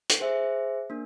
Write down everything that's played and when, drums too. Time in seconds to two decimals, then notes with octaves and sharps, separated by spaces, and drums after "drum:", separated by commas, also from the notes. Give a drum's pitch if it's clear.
0.09 drum: hi-hat
0.21 G#4 C5 E5
0.90 A#3 D4